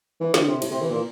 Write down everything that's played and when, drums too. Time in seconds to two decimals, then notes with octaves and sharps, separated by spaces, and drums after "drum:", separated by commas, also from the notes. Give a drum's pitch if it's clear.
0.21 E3
0.34 D3, drum: snare
0.48 C3
0.62 A2, drum: cymbal
0.71 C3
0.82 E3
0.91 A#2